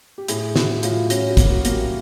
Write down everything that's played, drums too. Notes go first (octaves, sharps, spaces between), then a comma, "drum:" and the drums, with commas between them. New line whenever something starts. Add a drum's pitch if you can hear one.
G4
A2 G#4, drum: hi-hat
A2 F#4, drum: snare
A2 F4, drum: hi-hat
C#4 F#4, drum: hi-hat
F#4
A#3, drum: kick, hi-hat
F#4
A#3, drum: hi-hat
G4